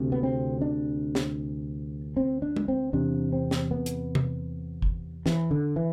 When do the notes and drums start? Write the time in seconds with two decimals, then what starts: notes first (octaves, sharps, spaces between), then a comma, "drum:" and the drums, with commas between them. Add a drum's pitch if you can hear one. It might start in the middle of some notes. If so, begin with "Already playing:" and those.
Already playing: D2 C3
0.12 B3
0.23 C4
0.61 D4
1.15 drum: snare
2.17 C4
2.42 D4
2.56 drum: tom G#3
2.68 C4
2.93 E2 C3 D4
3.32 C4
3.51 drum: snare
3.71 B3
3.86 drum: hi-hat
4.15 drum: tom C3
4.82 drum: kick
5.26 E3, drum: snare
5.51 D3
5.76 E3